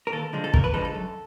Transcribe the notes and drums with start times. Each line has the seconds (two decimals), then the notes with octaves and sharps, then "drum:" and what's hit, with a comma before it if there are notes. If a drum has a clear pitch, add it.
0.07 A#4
0.12 D#2 A4
0.33 D3 F3 G#3
0.44 A4
0.54 D#2 A#4, drum: kick
0.64 B4
0.74 D3 F3 G#3 A4
0.85 A4
0.95 F#2